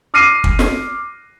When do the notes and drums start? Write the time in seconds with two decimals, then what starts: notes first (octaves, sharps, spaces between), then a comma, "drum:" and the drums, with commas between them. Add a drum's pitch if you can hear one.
0.14 D6 F6 A#6 C7 D#7
0.44 drum: kick
0.59 drum: snare